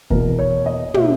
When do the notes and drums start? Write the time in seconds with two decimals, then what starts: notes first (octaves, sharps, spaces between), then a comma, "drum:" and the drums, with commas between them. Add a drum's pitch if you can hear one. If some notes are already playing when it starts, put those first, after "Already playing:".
0.10 E2 B2 A#3 A#4, drum: kick F1
0.39 C#5
0.66 D#5
0.94 B2 A#3 E5, drum: tom